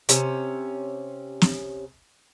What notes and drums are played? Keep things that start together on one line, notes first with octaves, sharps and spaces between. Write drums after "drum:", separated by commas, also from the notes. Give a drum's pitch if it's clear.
C3 C#4, drum: hi-hat
drum: snare